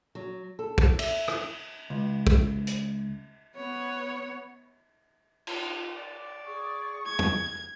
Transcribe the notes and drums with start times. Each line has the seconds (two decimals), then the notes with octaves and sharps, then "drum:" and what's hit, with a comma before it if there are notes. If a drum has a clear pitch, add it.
0.15 F#3
0.59 A4
0.78 drum: kick
0.99 E5, drum: cymbal
1.28 E4, drum: rim click
1.90 C#2
2.27 drum: kick
2.67 drum: hi-hat
3.56 B3 C#5
5.47 F4, drum: cymbal
5.97 D5
6.45 G#4 C#6 D#6
7.06 G#6
7.19 drum: tom